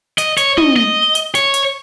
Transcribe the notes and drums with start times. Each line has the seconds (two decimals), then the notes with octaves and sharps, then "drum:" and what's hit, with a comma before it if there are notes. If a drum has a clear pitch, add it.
0.18 D#5, drum: hi-hat
0.37 C#5, drum: hi-hat
0.57 D#5, drum: tom
0.76 D#5
1.15 drum: hi-hat
1.35 C#5, drum: hi-hat
1.54 drum: hi-hat